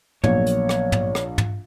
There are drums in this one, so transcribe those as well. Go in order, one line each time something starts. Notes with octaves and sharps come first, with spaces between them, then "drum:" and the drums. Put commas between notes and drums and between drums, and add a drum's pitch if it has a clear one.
A#1 F#3 A#3 B3 C#5, drum: tom
drum: hi-hat
drum: rim click
drum: tom
drum: rim click
drum: tom